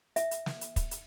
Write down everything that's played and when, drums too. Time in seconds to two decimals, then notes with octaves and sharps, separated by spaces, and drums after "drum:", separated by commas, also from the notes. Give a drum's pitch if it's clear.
0.16 E5, drum: hi-hat
0.31 drum: hi-hat
0.46 drum: snare
0.61 drum: hi-hat
0.76 drum: kick, hi-hat
0.91 drum: hi-hat